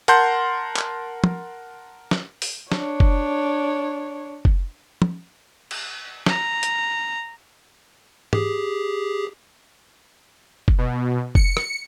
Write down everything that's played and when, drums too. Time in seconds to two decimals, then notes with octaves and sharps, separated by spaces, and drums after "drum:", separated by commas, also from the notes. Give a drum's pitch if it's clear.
0.08 A#4 F#5 A5 C6 G6, drum: hi-hat
0.76 drum: clap
1.24 drum: tom
2.11 drum: snare
2.42 drum: open hi-hat
2.72 D4 C#5, drum: snare
3.00 drum: kick F#1
4.45 drum: kick F#1
5.02 drum: tom
5.71 drum: cymbal
6.26 A#5, drum: snare
6.63 drum: hi-hat
8.33 G4 G#4, drum: tom
10.68 drum: kick F#1
10.78 B2
11.35 C#7, drum: kick F#1
11.57 drum: rim click